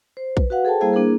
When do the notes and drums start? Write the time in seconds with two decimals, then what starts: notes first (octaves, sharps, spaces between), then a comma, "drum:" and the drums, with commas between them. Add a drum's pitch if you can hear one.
0.17 C5
0.37 B4, drum: kick A#1
0.50 F#4 B4 F5 F#5
0.65 G#4 A4 C5 G5 A5
0.81 G3 A#3 E4 G#4 C5 F5
0.93 A#3 D4 E4 G#4 A#4